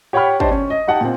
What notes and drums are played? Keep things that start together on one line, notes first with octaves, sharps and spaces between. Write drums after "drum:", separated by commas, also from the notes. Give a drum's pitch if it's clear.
G4 C#5 F#5 G5 B5 F6
D4 G4 C5 C#5 D#5 A5, drum: kick
C#4
D#5
D#4 G4 F#5 G5 A5
A#2 C4